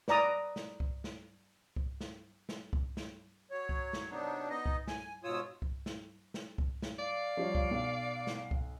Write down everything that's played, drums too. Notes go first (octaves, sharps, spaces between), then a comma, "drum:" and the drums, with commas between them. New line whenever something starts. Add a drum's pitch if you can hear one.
B4 D5 A#5 D#6, drum: snare
drum: snare
drum: kick C2
drum: snare
drum: kick C2
drum: snare
drum: snare
drum: kick C2
drum: snare
F#3 C#5
drum: kick C2
drum: snare
C3 F#3 B3 D4 D#4
B3 D#4 D#5
drum: kick C2
G#5, drum: snare
G#2 B2 F4 C#5 D#6 E6
drum: kick C2
drum: snare
drum: snare
drum: kick C2
drum: snare
D5 F5
F3 G3 C#5
drum: kick C2
B1
drum: snare
drum: kick C2